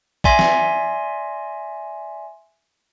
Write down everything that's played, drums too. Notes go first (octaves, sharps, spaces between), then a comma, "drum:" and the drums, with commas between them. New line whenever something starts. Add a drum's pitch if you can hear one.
D5 E5 G#5 C6 A#6 B6, drum: kick
drum: snare